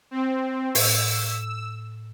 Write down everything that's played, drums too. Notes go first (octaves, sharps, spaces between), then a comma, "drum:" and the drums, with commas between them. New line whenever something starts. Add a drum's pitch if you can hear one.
C4
A2 E6, drum: open hi-hat